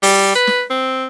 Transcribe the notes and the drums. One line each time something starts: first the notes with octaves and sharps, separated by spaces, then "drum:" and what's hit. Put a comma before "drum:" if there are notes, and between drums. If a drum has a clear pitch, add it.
G3, drum: open hi-hat
B4
drum: snare
C4